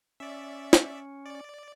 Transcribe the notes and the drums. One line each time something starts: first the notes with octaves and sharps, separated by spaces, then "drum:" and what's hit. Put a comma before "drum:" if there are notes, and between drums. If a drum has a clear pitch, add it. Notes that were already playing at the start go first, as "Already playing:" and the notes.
C#4 D5 E5
drum: snare
D5